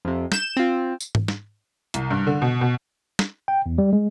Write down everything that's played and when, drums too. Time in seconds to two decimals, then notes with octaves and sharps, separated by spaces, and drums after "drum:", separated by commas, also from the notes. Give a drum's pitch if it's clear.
0.05 F2 C3
0.32 G6 E7, drum: snare
0.57 C4 F4
1.01 drum: tambourine
1.15 drum: tom G#2
1.28 drum: snare
1.94 C2, drum: hi-hat
2.11 G2
2.27 D3
2.42 B2
2.61 B2
3.19 drum: snare
3.48 G5
3.66 E2
3.78 G3
3.93 G#3